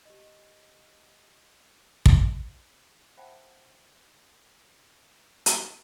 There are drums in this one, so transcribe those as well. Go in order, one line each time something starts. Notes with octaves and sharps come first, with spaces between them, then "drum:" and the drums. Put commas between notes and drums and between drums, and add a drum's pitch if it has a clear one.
G4 D#5
drum: kick
C5 E5 F#5 G5 A5 B5
drum: hi-hat